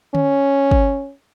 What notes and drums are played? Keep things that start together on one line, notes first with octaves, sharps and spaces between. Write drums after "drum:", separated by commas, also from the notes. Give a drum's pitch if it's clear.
C#4, drum: tom D3
drum: kick